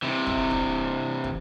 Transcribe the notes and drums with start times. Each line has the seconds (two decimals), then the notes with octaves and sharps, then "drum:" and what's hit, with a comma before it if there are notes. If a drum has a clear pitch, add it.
0.02 C3 E3
0.27 drum: kick
0.51 drum: kick
1.24 drum: kick